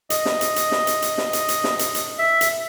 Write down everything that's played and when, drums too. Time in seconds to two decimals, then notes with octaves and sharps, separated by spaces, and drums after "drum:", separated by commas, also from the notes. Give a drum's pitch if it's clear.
0.10 D#5, drum: hi-hat
0.26 drum: snare
0.41 drum: hi-hat
0.56 drum: hi-hat
0.72 drum: snare
0.87 drum: hi-hat
1.02 drum: hi-hat
1.18 drum: snare
1.33 drum: hi-hat
1.49 drum: hi-hat
1.64 drum: snare
1.79 drum: hi-hat
1.95 drum: hi-hat
2.19 E5
2.41 drum: hi-hat